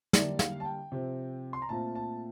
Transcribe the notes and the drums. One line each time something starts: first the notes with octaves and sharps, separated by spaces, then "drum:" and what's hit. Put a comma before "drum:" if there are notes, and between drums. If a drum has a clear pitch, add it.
D3 G3 A#3 E4 D5, drum: snare
F5, drum: snare
A5
G5
C3 F3 C4
C6
A#5
A#2 A3 C4 F4 A5
A5